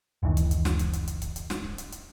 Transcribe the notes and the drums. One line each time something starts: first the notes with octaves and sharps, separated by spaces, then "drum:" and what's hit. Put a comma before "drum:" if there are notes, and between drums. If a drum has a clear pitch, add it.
F#1 D2 D#3 E3
drum: kick C#1, hi-hat
drum: hi-hat
drum: snare
drum: kick C#1, hi-hat
drum: hi-hat
drum: hi-hat
drum: kick C#1, hi-hat
drum: hi-hat
drum: snare
drum: kick C#1
drum: hi-hat
drum: hi-hat